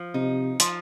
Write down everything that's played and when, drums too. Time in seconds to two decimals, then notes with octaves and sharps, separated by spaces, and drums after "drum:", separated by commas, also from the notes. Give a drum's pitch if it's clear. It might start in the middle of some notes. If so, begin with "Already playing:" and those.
Already playing: F3
0.14 C3 D#4
0.60 F3, drum: hi-hat